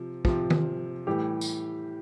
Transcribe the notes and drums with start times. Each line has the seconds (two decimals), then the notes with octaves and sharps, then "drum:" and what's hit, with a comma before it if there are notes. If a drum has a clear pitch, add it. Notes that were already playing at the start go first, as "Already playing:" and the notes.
Already playing: C3 F3
0.25 C3 F3, drum: kick
0.50 drum: tom D#3
1.07 A2 E3 G3 G4
1.41 drum: tambourine